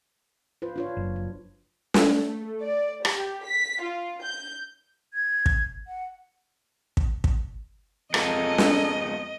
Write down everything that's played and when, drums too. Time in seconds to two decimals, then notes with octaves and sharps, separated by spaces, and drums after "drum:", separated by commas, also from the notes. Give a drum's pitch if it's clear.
0.62 F4 B4 C5
0.76 D4 F4 C#5
0.97 F#1
1.16 F#3
1.94 drum: snare
2.10 A3
2.62 D5
3.05 G4, drum: rim click
3.46 B6
3.81 F4
4.23 G6
5.14 G#6
5.46 drum: kick
5.87 F#5
6.97 drum: kick
7.24 drum: kick
8.14 F2 G#3 B3 F4 A4 A#4 D#5 G#5, drum: rim click
8.58 drum: snare